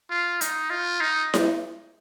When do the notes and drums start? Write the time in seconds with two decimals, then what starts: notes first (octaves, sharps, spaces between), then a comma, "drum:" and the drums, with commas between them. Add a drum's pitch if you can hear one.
0.10 F4
0.41 D#4, drum: hi-hat
0.70 F4
1.00 D#4
1.34 drum: snare E4